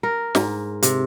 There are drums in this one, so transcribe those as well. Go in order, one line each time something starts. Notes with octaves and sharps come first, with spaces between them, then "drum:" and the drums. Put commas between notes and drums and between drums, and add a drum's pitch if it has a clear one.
A#4
G#2, drum: snare
C3, drum: hi-hat